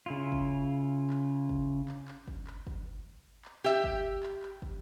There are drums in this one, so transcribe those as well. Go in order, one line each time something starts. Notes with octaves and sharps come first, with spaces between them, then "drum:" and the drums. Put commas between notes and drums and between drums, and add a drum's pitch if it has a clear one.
C#3 E4 F4
drum: kick
drum: clap
drum: kick
drum: clap
drum: clap
drum: kick
drum: clap
drum: kick
drum: clap
G4 E5
drum: kick
drum: clap
drum: clap
drum: kick